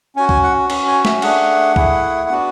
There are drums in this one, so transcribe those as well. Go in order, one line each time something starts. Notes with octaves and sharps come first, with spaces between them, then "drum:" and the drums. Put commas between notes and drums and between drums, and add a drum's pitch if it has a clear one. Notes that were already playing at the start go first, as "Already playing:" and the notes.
C#4 F#4 G#5
G#5, drum: kick C2
F#5
C#4 F#4, drum: cymbal
G#5
E5, drum: snare
A3 D4 G#4 F#5, drum: cymbal
A3 E4 G#4, drum: kick C2
B3 D4 F#4